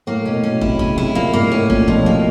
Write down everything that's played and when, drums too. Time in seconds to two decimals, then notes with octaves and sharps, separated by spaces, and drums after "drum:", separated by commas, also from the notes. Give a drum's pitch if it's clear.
0.07 A2 A#3
0.25 B2 C#4
0.43 B2 C#4
0.61 C3 E4, drum: kick
0.79 C#3 C#4, drum: kick
0.97 C3 E4
1.15 A#2 A#3
1.33 G#2 A#3
1.51 A2 C#4
1.70 A#2 C#4, drum: kick
1.88 B2 F3, drum: kick
2.05 C3 A#3